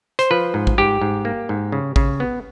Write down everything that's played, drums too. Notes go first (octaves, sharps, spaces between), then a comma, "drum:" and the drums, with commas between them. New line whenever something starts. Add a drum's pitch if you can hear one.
C5, drum: hi-hat
F3 B4
G#2
drum: kick
G#2 G4
G#2
A#3
G#2
C#3
C#3, drum: kick
B3